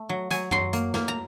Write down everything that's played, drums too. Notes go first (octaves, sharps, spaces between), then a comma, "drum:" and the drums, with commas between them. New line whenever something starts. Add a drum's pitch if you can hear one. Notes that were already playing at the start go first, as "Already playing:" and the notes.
Already playing: A3
F#3
F#3 G#5, drum: hi-hat
F#3 C6, drum: tom F#2
A#3, drum: hi-hat
A#3, drum: snare
A#5